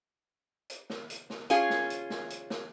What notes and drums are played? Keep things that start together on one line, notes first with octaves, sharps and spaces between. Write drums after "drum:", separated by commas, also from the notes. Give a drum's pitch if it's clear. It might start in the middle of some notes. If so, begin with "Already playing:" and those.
drum: hi-hat
drum: snare
drum: hi-hat
drum: snare
C#4 F4 G#4, drum: hi-hat
drum: snare
drum: hi-hat
drum: snare
drum: hi-hat
drum: snare